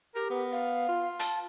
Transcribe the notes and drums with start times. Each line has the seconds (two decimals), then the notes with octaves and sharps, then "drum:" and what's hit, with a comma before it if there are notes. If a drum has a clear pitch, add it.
0.15 G4 A#4
0.31 B3
0.52 F5
0.89 F4
1.19 A5, drum: hi-hat